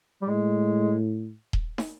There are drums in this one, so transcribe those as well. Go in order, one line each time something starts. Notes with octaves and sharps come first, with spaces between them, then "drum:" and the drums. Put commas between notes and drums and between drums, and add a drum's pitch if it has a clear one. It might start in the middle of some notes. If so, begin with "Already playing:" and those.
G3
A2 G#3
drum: kick D#1
drum: snare